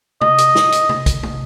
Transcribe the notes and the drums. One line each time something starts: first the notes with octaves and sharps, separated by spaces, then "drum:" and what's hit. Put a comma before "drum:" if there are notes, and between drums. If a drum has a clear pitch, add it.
D#5, drum: tom
drum: hi-hat
drum: snare
drum: hi-hat
drum: tom
drum: kick, hi-hat
drum: tom